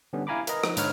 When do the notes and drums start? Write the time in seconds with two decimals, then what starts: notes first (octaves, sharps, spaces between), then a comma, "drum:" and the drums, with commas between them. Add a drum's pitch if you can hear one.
0.13 D3 G3 B3 C#4
0.27 E4 F5 G#5 A#5 B5 D6
0.47 A#4 B4 D#5 A#5, drum: hi-hat
0.64 F3 D#4, drum: rim click
0.77 G#2 D3 D#4 B4 C#5 F6, drum: hi-hat